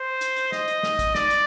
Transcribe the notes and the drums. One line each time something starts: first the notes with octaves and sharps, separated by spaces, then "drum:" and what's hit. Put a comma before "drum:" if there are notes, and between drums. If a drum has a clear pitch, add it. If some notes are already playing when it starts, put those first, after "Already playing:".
Already playing: C5
drum: hi-hat
drum: hi-hat
D#5, drum: snare
drum: hi-hat
drum: snare
drum: kick A1, hi-hat
D5, drum: snare
drum: hi-hat